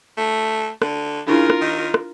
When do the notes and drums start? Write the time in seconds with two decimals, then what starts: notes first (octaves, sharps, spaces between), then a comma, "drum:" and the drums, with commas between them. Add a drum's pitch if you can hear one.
0.17 A3
0.82 D3, drum: rim click
1.27 C#3 D4 E4 F4 G#4 A#4
1.50 drum: rim click
1.61 D#3
1.94 drum: rim click